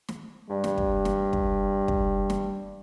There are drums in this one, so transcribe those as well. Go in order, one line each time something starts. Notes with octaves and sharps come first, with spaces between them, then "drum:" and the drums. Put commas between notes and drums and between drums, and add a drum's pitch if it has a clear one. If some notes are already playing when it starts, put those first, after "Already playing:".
drum: snare
G2 G3
drum: snare
drum: kick
drum: snare
drum: kick
drum: kick
drum: snare